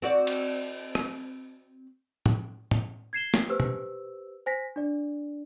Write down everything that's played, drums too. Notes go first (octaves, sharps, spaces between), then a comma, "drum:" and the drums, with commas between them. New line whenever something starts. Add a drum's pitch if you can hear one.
C4 F#4 D5
drum: cymbal
drum: rim click
drum: tom
drum: tom
G#6 C7 E7 G7
drum: snare
G4 B4 C5 E6
drum: tom
C5 G#5 A#6 B6
D4 D5